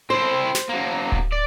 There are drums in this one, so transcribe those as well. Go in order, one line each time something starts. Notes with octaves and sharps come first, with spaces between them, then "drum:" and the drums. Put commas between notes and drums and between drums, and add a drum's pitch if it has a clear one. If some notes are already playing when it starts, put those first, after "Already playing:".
C4 E4 C5
drum: snare
F#3 A#3
drum: kick D1
D5